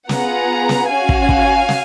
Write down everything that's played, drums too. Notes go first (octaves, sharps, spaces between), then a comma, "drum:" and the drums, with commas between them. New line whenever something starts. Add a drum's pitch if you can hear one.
B3 F4 G#4 F#5 A#5, drum: snare
drum: snare
C#4 F#4 F5 G#5
drum: kick
drum: kick
drum: snare